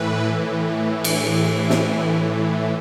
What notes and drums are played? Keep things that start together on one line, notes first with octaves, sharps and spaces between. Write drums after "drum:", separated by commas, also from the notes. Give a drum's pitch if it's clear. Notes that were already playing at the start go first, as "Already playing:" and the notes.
Already playing: A2 E3 B4
drum: cymbal
drum: snare